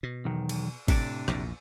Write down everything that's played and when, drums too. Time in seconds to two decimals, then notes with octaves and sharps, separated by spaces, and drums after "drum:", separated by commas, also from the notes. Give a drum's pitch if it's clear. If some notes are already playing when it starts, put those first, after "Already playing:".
0.03 B2
0.25 B1 E2 D#3
0.49 drum: cymbal
0.88 A2 C3 D4 D5, drum: kick G#1, cymbal
1.28 A#1 E2 A#2, drum: rim click